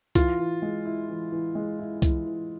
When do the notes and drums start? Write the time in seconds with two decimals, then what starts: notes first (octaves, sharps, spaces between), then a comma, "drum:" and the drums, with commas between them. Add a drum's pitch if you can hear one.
0.15 E3 F4, drum: kick C2, hi-hat
0.39 E3
0.62 G#3
0.86 E4
1.09 E3
1.32 E3
1.55 G#3
1.79 E4
2.02 E3, drum: kick C2, hi-hat
2.26 E3